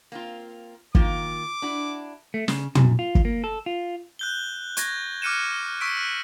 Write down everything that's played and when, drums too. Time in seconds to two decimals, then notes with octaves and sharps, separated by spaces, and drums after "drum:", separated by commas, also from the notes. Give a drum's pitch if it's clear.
0.12 A#3 C4 F4
0.95 D#3 A#3 F4 D6, drum: kick
1.62 D4 E4 F#4
2.34 A3
2.48 C#3, drum: snare
2.75 F#2, drum: tom
2.99 F4
3.15 drum: kick
3.25 A#3
3.44 A4
3.66 F4
4.19 F#6 G6 G7
4.77 C#6 G#6 A#6, drum: hi-hat
5.22 D6 F6 F#6 C#7 D#7 E7
5.81 C#6 E6 B6 D7
5.97 F#6